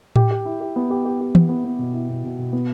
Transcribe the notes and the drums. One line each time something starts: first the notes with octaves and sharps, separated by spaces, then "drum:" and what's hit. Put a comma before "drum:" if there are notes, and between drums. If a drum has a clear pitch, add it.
G4, drum: tom A2
G4
E4
G4
B3
G4
G4
G4
B3, drum: tom E3
B3
B3
B2
E4
B2
B2
B2
B3